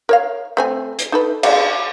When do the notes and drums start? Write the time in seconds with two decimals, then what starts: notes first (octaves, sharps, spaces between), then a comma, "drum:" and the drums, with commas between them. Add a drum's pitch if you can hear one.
0.09 A#4 C#5 F5
0.57 A3 C4 G#5
0.99 drum: hi-hat
1.12 D#4 A4 B4
1.43 drum: cymbal